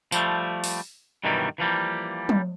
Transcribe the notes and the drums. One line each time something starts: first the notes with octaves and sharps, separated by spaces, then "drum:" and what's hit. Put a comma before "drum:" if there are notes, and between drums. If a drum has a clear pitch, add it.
F3 G3 A3, drum: tambourine
drum: open hi-hat
G2 B2 D#3 E3 F#3 G3
E3 F3 G3 A#3
drum: tom